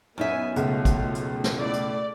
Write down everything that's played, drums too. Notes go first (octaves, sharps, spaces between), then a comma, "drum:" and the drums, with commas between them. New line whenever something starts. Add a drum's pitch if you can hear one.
F#2 B3 D#4 E5 G#5
C#2 B2 A3 F4, drum: hi-hat
drum: kick, hi-hat
drum: hi-hat
drum: snare
A3 E4 D5
drum: hi-hat